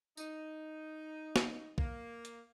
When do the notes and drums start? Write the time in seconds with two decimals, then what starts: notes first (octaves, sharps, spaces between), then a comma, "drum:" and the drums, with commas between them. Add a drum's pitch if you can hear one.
0.17 D#4, drum: tambourine
1.36 drum: snare
1.78 A#3, drum: kick
2.25 drum: hi-hat